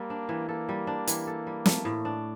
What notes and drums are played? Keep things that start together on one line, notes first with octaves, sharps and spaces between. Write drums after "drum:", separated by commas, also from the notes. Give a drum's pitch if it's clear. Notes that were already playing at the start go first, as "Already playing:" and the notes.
Already playing: G3 A#3 A4
D4
E3
A#3 A4
G3
D4
E3, drum: hi-hat
A4
G3
A3, drum: snare
A2
D4